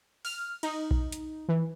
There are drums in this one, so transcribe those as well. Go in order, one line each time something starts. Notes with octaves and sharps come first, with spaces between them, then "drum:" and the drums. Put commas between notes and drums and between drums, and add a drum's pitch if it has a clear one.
F6, drum: open hi-hat
D#4, drum: cymbal
drum: kick A#1
drum: hi-hat
E3